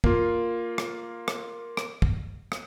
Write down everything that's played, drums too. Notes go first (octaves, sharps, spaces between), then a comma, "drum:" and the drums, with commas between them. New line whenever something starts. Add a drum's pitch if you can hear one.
A#3 F4, drum: kick
drum: rim click
drum: rim click
drum: rim click
drum: kick
drum: rim click